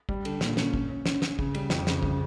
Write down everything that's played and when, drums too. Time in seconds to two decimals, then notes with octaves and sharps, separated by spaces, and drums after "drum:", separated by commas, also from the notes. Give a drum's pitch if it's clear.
0.09 G3, drum: kick
0.25 D3, drum: cymbal
0.41 A#2, drum: snare
0.57 C#4, drum: snare
0.74 C#4, drum: kick
0.90 C#4
1.06 C#4, drum: snare
1.22 C#4, drum: snare
1.39 C#3, drum: kick
1.55 G3, drum: cymbal
1.70 F2, drum: snare
1.87 C#3, drum: snare
2.03 C#3, drum: kick